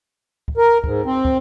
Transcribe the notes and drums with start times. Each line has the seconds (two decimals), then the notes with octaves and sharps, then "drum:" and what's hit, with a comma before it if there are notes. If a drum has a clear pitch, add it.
0.48 drum: kick
0.57 A#4
0.84 G#2, drum: kick
1.06 C4
1.25 drum: kick